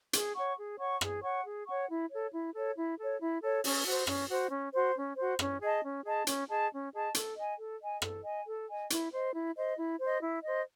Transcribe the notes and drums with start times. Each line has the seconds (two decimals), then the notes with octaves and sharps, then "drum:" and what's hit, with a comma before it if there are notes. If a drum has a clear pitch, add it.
0.13 G#4, drum: hi-hat
0.35 C#5 F#5 C#6
0.57 G#4
0.78 C#5 F#5 C#6
1.01 G#4, drum: rim click
1.22 C#5 F#5 C#6
1.45 G#4
1.67 C#5 F#5 C#6
1.89 E4
2.10 A4 C#5
2.32 E4
2.54 A4 C#5
2.76 E4
2.98 A4 C#5
3.20 E4
3.42 A4 C#5
3.64 C#4, drum: open hi-hat
3.86 F#4 C5
4.07 C#4, drum: rim click
4.30 F#4 C5
4.51 C#4
4.74 F#4 C5
4.96 C#4
5.17 F#4 C5
5.39 C#4, drum: rim click
5.61 G#4 D#5 A5
5.82 C#4
6.04 G#4 D#5 A5
6.27 C#4, drum: hi-hat
6.49 G#4 D#5 A5
6.71 C#4
6.92 G#4 D#5 A5
7.14 A4, drum: hi-hat
7.36 D#5 G#5
7.58 A4
7.81 D#5 G#5
8.02 A4, drum: rim click
8.24 D#5 G#5
8.46 A4
8.68 D#5 G#5
8.90 E4, drum: hi-hat
9.12 C5 D#5
9.34 E4
9.56 C5 D#5
9.77 E4
9.99 C5 D#5
10.21 E4
10.43 C5 D#5